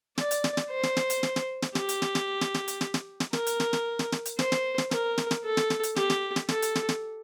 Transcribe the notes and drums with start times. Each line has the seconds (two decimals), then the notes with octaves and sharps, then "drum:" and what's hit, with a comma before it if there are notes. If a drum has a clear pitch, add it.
0.18 D5, drum: snare
0.31 drum: hi-hat
0.44 drum: snare
0.57 drum: snare
0.70 C5
0.83 drum: snare
0.97 drum: snare
1.10 drum: hi-hat
1.23 drum: snare
1.36 drum: snare
1.62 drum: snare
1.75 G4, drum: snare
1.89 drum: hi-hat
2.02 drum: snare
2.15 drum: snare
2.41 drum: snare
2.54 drum: snare
2.68 drum: hi-hat
2.81 drum: snare
2.94 drum: snare
3.20 drum: snare
3.33 A#4, drum: snare
3.47 drum: hi-hat
3.60 drum: snare
3.73 drum: snare
3.99 drum: snare
4.12 drum: snare
4.25 drum: hi-hat
4.39 C5, drum: snare
4.52 drum: snare
4.78 drum: snare
4.91 A#4, drum: snare
5.18 drum: snare
5.31 drum: snare
5.44 A4
5.57 drum: snare
5.70 drum: snare
5.83 drum: hi-hat
5.96 G4, drum: snare
6.10 drum: snare
6.36 drum: snare
6.49 A4, drum: snare
6.62 drum: hi-hat
6.75 drum: snare
6.89 drum: snare